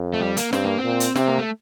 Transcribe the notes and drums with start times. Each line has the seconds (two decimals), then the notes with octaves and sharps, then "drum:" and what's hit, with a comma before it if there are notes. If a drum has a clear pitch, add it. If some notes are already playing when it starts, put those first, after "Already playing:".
Already playing: F2
0.14 A3
0.21 G3
0.37 A#3, drum: hi-hat
0.53 G2 C4, drum: snare
0.65 A#3
0.78 C4
0.84 A#2
1.00 drum: hi-hat
1.15 C3 C4, drum: snare
1.28 A#3
1.38 A3